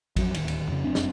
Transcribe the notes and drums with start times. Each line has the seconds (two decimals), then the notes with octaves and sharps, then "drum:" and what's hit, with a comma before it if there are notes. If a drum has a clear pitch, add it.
0.16 F2 F#3, drum: kick A1, cymbal
0.34 D1 D#2, drum: cymbal
0.48 drum: cymbal
0.69 F2 C#3
0.84 F1 F#2 C4 D4
0.95 drum: snare